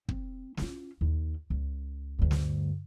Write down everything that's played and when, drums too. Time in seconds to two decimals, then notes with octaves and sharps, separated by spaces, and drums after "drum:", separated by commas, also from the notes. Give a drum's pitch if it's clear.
0.09 C4, drum: kick
0.57 C#4 F4, drum: snare
1.01 D#2
1.50 C#2
2.19 D2 G2
2.31 drum: snare